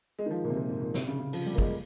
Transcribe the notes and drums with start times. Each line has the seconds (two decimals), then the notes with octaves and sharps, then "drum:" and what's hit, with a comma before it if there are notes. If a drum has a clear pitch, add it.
0.19 G#3
0.26 D#3
0.30 F3
0.44 A#2
0.50 C3
0.56 A#2
0.69 G#2
0.82 A#2
0.94 C3, drum: snare
1.08 C#3
1.20 C#3
1.33 F3, drum: open hi-hat
1.46 G3
1.54 A#3
1.58 G#3, drum: kick